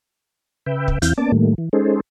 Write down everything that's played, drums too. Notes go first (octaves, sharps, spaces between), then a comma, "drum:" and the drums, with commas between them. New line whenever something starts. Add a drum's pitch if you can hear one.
C#3 B4 E5 G5
drum: kick
E2 E3 C4 E4 F5 G6, drum: hi-hat
A#3 B3 C#4 D5 A5 D6
A2 D#3 G3 A3 A#3
E3
G#3 C#4 D#4 G#4 A4 C5